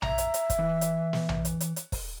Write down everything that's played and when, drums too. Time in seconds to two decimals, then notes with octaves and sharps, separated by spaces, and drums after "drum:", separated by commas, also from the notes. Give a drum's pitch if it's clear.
0.02 E5 A#5, drum: tom A#1
0.18 drum: hi-hat
0.34 drum: hi-hat
0.50 drum: kick, hi-hat
0.59 E3
0.81 drum: hi-hat
1.13 drum: snare
1.29 drum: tom A#1
1.45 drum: hi-hat
1.60 drum: hi-hat
1.76 drum: hi-hat
1.92 drum: kick, open hi-hat